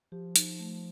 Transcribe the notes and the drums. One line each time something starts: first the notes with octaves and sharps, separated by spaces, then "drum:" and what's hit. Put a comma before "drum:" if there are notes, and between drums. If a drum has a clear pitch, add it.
F3 G4
D#4, drum: hi-hat
A3